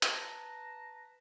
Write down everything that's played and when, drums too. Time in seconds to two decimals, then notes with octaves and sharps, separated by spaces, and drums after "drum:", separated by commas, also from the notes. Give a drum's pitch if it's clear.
0.02 B4 A5 A#5, drum: hi-hat